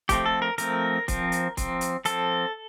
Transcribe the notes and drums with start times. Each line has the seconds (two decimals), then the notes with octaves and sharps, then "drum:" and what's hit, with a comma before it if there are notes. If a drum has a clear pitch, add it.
0.09 F3 A3 C4 G4, drum: kick, hi-hat
0.26 A4
0.42 A#4
0.58 F3 A3 C4 A#4, drum: hi-hat
1.08 F3 C4, drum: kick, hi-hat
1.32 drum: hi-hat
1.57 F3 C4, drum: kick, hi-hat
1.81 drum: hi-hat
2.05 F3 C4 A4, drum: hi-hat